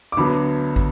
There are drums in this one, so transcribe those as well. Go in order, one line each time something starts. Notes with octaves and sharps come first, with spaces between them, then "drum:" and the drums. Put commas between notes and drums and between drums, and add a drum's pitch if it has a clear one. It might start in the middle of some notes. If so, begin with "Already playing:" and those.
D6
D2 D3 F#3 B3 B5
drum: kick